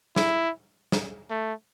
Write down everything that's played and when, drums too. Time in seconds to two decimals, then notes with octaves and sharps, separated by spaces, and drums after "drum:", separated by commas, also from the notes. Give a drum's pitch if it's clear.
0.16 E4, drum: snare
0.92 drum: snare
1.31 A3